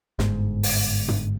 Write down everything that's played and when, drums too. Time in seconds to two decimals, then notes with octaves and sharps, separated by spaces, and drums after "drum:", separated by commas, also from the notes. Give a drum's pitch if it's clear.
0.19 G1 G#2, drum: snare
0.63 drum: open hi-hat
1.08 drum: tom